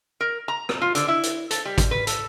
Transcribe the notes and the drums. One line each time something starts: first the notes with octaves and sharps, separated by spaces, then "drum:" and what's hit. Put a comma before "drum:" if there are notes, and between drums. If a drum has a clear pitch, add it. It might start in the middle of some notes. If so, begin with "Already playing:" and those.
A#4
A#5
drum: rim click
F4
D3, drum: hi-hat
E4
drum: hi-hat
A4, drum: hi-hat
G3
drum: kick, hi-hat
B4
A4, drum: hi-hat